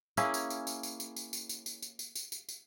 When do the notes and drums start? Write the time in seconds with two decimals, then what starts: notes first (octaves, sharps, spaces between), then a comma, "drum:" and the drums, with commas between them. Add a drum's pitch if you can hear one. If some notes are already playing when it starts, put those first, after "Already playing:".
0.17 A#3 C#4 E4 G#4, drum: tambourine
0.34 drum: tambourine
0.50 drum: tambourine
0.67 drum: tambourine
0.83 drum: tambourine
1.00 drum: tambourine
1.16 drum: tambourine
1.33 drum: tambourine
1.49 drum: tambourine
1.66 drum: tambourine
1.82 drum: tambourine
1.99 drum: tambourine
2.16 drum: tambourine
2.32 drum: tambourine
2.49 drum: tambourine